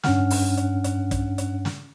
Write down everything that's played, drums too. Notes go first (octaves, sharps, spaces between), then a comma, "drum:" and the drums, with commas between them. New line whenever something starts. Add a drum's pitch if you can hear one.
G2 C#4 D4 F#5 F6, drum: snare
drum: open hi-hat
drum: hi-hat
drum: hi-hat
drum: kick, hi-hat
drum: hi-hat
drum: snare